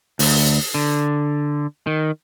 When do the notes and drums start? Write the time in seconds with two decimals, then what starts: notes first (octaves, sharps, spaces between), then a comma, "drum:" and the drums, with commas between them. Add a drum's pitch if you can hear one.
0.19 D2, drum: open hi-hat
0.74 D3
1.87 D#3